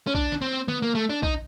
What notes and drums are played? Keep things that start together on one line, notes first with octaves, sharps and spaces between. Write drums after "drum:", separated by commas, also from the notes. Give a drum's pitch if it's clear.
C#4
D4, drum: kick
drum: snare
C4
B3, drum: tom
A#3
A3
D4
D#4, drum: kick